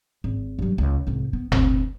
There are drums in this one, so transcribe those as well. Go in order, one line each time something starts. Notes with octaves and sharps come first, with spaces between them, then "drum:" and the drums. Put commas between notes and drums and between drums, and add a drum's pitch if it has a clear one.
G#1
G2 F#3
C#2
C2 G#2
B3
D2 C4, drum: tom F#1